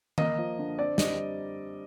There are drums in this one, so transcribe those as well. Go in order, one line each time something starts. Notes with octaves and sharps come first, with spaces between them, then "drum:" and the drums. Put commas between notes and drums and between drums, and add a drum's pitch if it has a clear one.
A#3 D#5, drum: tom D#3
F3
D3
C4 D5
G3 D#5, drum: snare